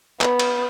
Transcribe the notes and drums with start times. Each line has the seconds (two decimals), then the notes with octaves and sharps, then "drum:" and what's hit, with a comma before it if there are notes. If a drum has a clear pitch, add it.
0.21 B3, drum: clap
0.39 drum: cymbal